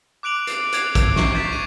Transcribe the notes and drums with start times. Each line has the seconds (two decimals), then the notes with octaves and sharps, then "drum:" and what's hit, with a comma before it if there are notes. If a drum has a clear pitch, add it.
0.23 D6 F#6 D7 F7 F#7
0.47 C7, drum: hi-hat
0.72 F#6 G#6 C7, drum: hi-hat
0.95 drum: kick, hi-hat
1.16 C#6 C7, drum: snare
1.33 C#6 G6 A6 B6 E7
1.48 C#6 D#7